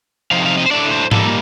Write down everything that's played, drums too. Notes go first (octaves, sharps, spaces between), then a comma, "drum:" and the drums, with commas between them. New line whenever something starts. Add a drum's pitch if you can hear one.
C3 F3 C4 D#4 F5
F5
D#5
C5
A2 A3 D4 D5
C5
A#2 G3 A#3 D#4 A4, drum: tom G#2